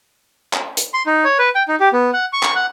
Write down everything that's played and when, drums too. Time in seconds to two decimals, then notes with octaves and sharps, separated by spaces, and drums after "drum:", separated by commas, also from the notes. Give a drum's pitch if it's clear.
0.53 drum: clap
0.77 drum: hi-hat
0.94 C6
1.06 D#4
1.24 C#5
1.39 B4
1.55 G5
1.68 D#4
1.80 G4
1.93 B3
2.13 F#5
2.33 C#6
2.43 drum: clap
2.55 F#5